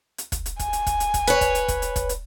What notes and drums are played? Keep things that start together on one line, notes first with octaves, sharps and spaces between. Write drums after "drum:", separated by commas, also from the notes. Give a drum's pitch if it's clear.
drum: hi-hat
drum: kick, hi-hat
drum: hi-hat
G#5, drum: kick, hi-hat
drum: hi-hat
drum: kick, hi-hat
drum: hi-hat
drum: kick, hi-hat
B4 C#5, drum: hi-hat
drum: kick, hi-hat
drum: hi-hat
drum: kick, hi-hat
drum: hi-hat
drum: kick, hi-hat
drum: hi-hat